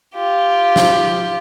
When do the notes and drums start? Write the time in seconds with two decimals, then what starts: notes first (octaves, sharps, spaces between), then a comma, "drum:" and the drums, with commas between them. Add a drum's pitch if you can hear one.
0.15 F4 G4
0.76 drum: snare